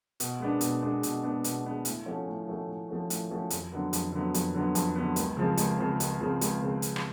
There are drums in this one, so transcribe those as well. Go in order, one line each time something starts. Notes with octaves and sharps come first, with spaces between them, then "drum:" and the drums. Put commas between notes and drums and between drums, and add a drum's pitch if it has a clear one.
B2, drum: hi-hat
G#3 B3 D4
B2, drum: hi-hat
G#3 B3 D4
B2, drum: hi-hat
G#3 B3 D4
B2, drum: hi-hat
G#3 B3 D4
A2, drum: hi-hat
F3 A3 C#4 F#4
A2
F3 A3 C#4 F#4
A2
F3 A3 C#4 F#4
A2, drum: hi-hat
F3 A3 C#4 F#4
F2, drum: hi-hat
D3 F#3 B3
F2, drum: hi-hat
D3 F#3 B3
F2, drum: hi-hat
D3 F#3 B3
F2, drum: hi-hat
D3 F#3 B3
C#2, drum: hi-hat
C#3 F3 G#3 C4
C#2, drum: hi-hat
C#3 F3 G#3 C4
C#2, drum: hi-hat
C#3 F3 G#3 C4
C#2, drum: hi-hat
C#3 F3 G#3 C4
drum: hi-hat
drum: rim click